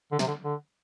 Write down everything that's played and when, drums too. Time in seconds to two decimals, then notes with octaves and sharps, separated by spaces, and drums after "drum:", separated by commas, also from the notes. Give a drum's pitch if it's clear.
0.12 D3
0.19 C3, drum: snare
0.27 D3
0.44 D3